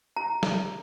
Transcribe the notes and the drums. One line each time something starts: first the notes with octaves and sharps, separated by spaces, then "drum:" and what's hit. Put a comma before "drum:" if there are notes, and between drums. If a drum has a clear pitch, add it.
A#5
drum: snare